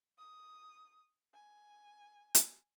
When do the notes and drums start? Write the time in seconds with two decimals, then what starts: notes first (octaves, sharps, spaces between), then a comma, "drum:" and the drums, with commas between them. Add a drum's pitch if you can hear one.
0.19 D#6
1.34 G#5
2.35 drum: hi-hat